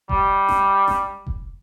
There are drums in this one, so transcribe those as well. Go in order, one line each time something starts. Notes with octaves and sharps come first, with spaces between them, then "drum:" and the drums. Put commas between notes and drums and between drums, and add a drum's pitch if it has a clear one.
G3, drum: kick F1
drum: snare G1
drum: snare G1
drum: kick F1